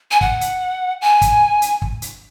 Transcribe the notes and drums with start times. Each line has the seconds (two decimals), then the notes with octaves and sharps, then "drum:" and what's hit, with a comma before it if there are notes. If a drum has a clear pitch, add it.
0.11 G#5
0.21 F#5, drum: kick
0.41 drum: hi-hat
1.02 G#5
1.22 drum: kick, hi-hat
1.62 drum: hi-hat
1.82 drum: kick
2.02 drum: hi-hat